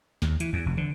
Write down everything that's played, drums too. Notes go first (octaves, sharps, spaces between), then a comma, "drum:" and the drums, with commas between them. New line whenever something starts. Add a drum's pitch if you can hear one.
D#2, drum: snare
E3, drum: hi-hat
E2
F1
D3, drum: tom